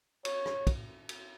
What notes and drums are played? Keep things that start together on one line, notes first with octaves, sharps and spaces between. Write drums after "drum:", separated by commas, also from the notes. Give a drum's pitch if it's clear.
C#5, drum: cymbal
drum: rim click
drum: kick, cymbal
drum: cymbal